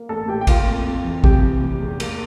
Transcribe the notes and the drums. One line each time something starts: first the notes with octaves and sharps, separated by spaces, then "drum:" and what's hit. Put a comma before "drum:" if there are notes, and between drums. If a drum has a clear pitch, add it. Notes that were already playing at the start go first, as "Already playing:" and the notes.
Already playing: A#3
A1 A4 A5
A2 G4 G5
G5
A#3 F4 F5, drum: kick, cymbal
F2
F2
E3
C3 G4 G5, drum: kick
E3
F1
E2
A#3, drum: cymbal